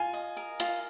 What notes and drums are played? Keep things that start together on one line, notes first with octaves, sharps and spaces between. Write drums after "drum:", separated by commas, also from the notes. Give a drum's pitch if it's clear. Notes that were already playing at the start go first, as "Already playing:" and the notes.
Already playing: F4 G#5
D#5
A#4
F4, drum: hi-hat